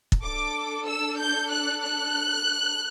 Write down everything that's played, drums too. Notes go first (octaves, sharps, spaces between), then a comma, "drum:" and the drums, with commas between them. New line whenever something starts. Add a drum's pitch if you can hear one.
drum: kick
D4 A4 D6
E6
G6
F#6
F#6